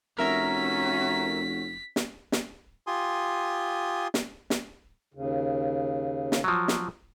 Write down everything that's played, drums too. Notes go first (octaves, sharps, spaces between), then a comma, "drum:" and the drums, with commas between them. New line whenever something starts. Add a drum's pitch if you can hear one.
F1 C#4 F#4 A#4 E5 A#5 B6
drum: snare
drum: snare
F4 G4 G#5 C6 D#6
drum: snare
drum: snare
D#2 C#3
drum: snare
F3 F#3
drum: snare